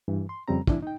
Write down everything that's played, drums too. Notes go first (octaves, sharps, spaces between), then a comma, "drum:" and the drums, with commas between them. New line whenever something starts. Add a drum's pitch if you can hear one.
G2 E3
C6
F2 C#3 G3 C4 A#5
E3 D4 E4, drum: kick
D#4 G5